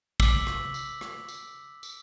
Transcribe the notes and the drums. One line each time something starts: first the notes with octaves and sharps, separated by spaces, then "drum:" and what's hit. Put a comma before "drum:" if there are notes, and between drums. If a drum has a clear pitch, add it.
D6 E6 B6 F#7, drum: kick, tambourine
drum: rim click
drum: tambourine
drum: rim click
drum: tambourine
drum: tambourine